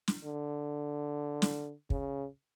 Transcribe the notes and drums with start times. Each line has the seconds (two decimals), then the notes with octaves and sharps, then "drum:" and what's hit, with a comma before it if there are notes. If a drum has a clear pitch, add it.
0.08 drum: snare
0.24 D3
1.42 drum: snare
1.90 C#3, drum: kick